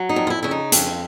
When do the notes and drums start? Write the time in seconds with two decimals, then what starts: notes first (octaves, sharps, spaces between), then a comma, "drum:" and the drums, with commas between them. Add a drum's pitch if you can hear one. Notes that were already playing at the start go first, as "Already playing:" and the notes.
Already playing: F#3
0.09 D#4
0.16 F2
0.27 F4
0.30 E4
0.43 C#3 E4
0.51 D#4
0.72 F2, drum: hi-hat